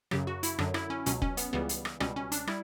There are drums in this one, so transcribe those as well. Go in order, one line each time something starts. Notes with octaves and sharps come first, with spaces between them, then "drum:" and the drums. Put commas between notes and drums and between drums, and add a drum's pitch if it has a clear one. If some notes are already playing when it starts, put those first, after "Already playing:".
F#2 C#3 F#3 G4, drum: rim click
F#4
E4, drum: hi-hat
F#2 D3 F#3 D4, drum: rim click
E4, drum: rim click
C#4
C#2 B2 F#3 C#4, drum: hi-hat
C#4, drum: kick F1
B3, drum: hi-hat
C#2 C#3 E3 G3 B3
drum: hi-hat
drum: rim click
C#2 B2 G3 C#4, drum: rim click
C#4
D4, drum: hi-hat
G3 E4, drum: rim click